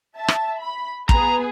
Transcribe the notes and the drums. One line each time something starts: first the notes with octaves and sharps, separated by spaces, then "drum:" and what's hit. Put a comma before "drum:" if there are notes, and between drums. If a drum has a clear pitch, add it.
E5 A5
drum: rim click
B5
B3 G#4 B4 A#5, drum: kick